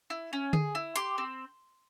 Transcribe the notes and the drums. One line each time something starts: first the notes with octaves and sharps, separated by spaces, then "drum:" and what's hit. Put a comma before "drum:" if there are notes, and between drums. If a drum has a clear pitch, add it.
E4
C#4
G#4, drum: tom D3
E4
G4 C6, drum: hi-hat
C4